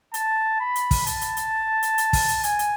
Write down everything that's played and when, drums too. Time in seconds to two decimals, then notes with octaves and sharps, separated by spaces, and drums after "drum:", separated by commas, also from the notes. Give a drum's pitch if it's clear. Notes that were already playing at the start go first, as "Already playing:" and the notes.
0.14 A5, drum: hi-hat
0.60 B5
0.76 drum: hi-hat
0.91 drum: kick, open hi-hat
1.07 A5, drum: hi-hat
1.21 drum: hi-hat
1.37 drum: hi-hat
1.83 drum: hi-hat
1.98 drum: hi-hat
2.13 drum: kick, open hi-hat
2.28 drum: hi-hat
2.44 G#5, drum: hi-hat
2.59 drum: hi-hat